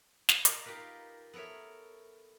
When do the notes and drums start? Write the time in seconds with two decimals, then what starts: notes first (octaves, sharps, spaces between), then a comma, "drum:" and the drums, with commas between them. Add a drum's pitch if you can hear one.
0.29 drum: snare
0.45 A#4 D5 D#5 F5, drum: hi-hat
0.66 D#4 F4 G4 A#4 B4
1.34 B3 A4 A#4 C#5 E5